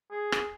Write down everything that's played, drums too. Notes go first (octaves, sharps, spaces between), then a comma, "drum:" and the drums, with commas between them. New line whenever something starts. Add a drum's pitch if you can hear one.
G#4
drum: rim click